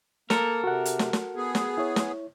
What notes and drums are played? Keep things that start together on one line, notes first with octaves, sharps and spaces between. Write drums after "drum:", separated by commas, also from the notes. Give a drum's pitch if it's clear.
A#3 A4 A#4, drum: snare
C3 F#4 F#5
drum: hi-hat
drum: snare
drum: snare
B3 G#4
drum: snare
E4 C#5
drum: snare